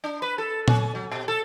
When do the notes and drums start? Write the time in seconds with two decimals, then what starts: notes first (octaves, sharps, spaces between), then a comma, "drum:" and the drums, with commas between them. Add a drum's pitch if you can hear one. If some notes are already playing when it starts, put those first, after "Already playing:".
0.04 D4
0.22 B4
0.38 A4
0.68 C#4, drum: tom A#2
0.95 F#3
1.11 B2
1.28 A4